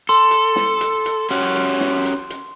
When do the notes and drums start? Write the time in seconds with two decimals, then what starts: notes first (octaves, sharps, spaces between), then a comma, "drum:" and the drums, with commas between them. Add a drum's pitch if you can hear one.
0.09 A4 C6
0.31 drum: hi-hat
0.56 drum: snare
0.81 drum: hi-hat
1.06 drum: hi-hat
1.31 C#4 F#4 G4, drum: hi-hat
1.56 drum: hi-hat
1.80 drum: snare
2.05 drum: hi-hat
2.30 drum: hi-hat